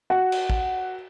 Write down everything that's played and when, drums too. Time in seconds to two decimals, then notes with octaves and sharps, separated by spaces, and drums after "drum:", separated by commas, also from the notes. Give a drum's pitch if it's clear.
0.10 F#4
0.32 drum: cymbal
0.50 drum: kick A1